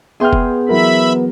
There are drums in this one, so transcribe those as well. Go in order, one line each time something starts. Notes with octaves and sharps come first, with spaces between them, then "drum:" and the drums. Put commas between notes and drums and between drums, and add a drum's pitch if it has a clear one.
B3 G#4 E5 G5 C6 F6 G6
drum: kick
E3 F#3 A#4 E5 B5